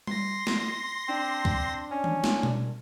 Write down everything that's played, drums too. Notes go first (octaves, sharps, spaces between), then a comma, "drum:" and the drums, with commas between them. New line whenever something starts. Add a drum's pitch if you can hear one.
C6 A#6, drum: tom G3
drum: snare
C4 D4
drum: kick C2
C#4
drum: tom D#3
drum: snare
drum: tom B2